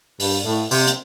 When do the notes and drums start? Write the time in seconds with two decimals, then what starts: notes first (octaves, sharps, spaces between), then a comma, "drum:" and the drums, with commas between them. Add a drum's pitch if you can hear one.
0.20 G2, drum: open hi-hat
0.45 A2
0.71 C3, drum: open hi-hat
0.87 drum: hi-hat